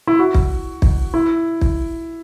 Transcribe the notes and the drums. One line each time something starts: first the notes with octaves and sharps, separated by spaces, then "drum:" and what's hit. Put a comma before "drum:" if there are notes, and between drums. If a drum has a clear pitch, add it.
E4
F#4
drum: kick
drum: kick
E4
drum: kick